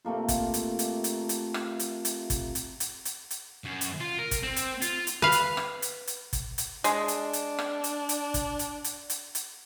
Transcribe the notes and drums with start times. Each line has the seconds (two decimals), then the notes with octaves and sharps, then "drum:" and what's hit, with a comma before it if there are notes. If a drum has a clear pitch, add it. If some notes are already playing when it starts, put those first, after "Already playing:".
0.05 C3 A3 A#3 F4
0.28 drum: kick, hi-hat
0.54 drum: hi-hat
0.79 drum: hi-hat
1.04 drum: hi-hat
1.29 drum: hi-hat
1.54 drum: rim click
1.79 drum: hi-hat
2.05 drum: hi-hat
2.30 drum: kick, hi-hat
2.55 drum: hi-hat
2.80 drum: hi-hat
3.05 drum: hi-hat
3.31 drum: hi-hat
3.64 F#2
3.81 drum: hi-hat
4.00 F4
4.19 A#4
4.31 drum: kick, hi-hat
4.43 C4
4.56 drum: hi-hat
4.82 F4, drum: hi-hat
5.07 drum: hi-hat
5.22 B4 F5
5.32 drum: hi-hat
5.57 drum: rim click
5.82 drum: hi-hat
6.07 drum: hi-hat
6.33 drum: kick, hi-hat
6.58 drum: hi-hat
6.84 G#3 D4, drum: hi-hat
7.08 drum: hi-hat
7.33 drum: hi-hat
7.59 drum: rim click
7.84 drum: hi-hat
8.09 drum: hi-hat
8.34 drum: kick, hi-hat
8.59 drum: hi-hat
8.84 drum: hi-hat
9.10 drum: hi-hat
9.35 drum: hi-hat